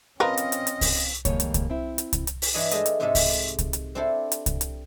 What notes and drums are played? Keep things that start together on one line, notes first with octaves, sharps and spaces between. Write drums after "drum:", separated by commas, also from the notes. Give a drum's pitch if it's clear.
F3 C4 C#4 A#4 B4 D#5 F5
drum: hi-hat
drum: hi-hat
drum: hi-hat
drum: kick C2, open hi-hat
F2 D#3 G3 G#3 A#3 C#5, drum: kick C2, hi-hat
drum: hi-hat
drum: kick C2, hi-hat
C4 E4
drum: hi-hat
drum: kick C2, hi-hat
drum: hi-hat
drum: open hi-hat
G2 E3 D4 C#5 D#5 G#5
G#3 A3 G4 A4 D#5 E5, drum: hi-hat
drum: hi-hat
G#2 C3 G#3 D#4 A4 E5
drum: kick C2, open hi-hat
drum: kick C2, hi-hat
drum: hi-hat
C4 D4 E4 G4 A4 C5
drum: hi-hat
drum: kick C2, hi-hat
drum: hi-hat